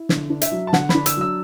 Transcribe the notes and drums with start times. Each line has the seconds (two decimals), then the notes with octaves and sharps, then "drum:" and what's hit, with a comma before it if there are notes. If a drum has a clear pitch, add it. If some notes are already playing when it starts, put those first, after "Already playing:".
Already playing: E4
0.09 D3, drum: snare
0.30 D4
0.41 E5, drum: hi-hat
0.51 F#3
0.67 A5
0.73 D3 F#5, drum: snare
0.89 B5, drum: snare
0.94 D4
1.06 E6, drum: hi-hat
1.17 F#3 E6